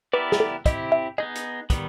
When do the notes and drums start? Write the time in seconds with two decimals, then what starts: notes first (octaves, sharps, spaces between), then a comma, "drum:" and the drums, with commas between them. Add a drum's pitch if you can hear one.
0.13 B3 E4 G4 A#4 B4 D5
0.32 G#4, drum: snare
0.40 A4
0.66 C4 E4 G4 D#5, drum: kick, hi-hat
0.92 E5
1.18 B3 D#4 G#4 D#5
1.35 drum: hi-hat
1.70 D#3 G3 B3, drum: kick, hi-hat